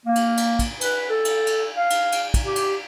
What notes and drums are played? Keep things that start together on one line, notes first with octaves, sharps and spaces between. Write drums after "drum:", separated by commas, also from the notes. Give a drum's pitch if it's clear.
A#3
drum: cymbal
drum: cymbal
drum: kick, cymbal
B4, drum: cymbal
A4
drum: cymbal
drum: cymbal
F5
drum: cymbal
drum: cymbal
drum: kick, cymbal
G4
drum: cymbal